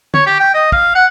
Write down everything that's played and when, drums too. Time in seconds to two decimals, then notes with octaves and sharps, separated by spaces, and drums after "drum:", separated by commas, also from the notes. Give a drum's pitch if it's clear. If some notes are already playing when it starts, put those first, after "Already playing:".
0.14 C#5, drum: tom
0.26 G4
0.39 G5
0.54 D#5
0.72 F5, drum: kick
0.95 F#5